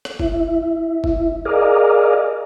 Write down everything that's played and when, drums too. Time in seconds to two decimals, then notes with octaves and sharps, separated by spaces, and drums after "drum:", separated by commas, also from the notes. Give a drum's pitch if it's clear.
0.05 drum: rim click
0.20 E4, drum: kick
1.04 drum: kick
1.45 G#4 A#4 D5 D#5 F5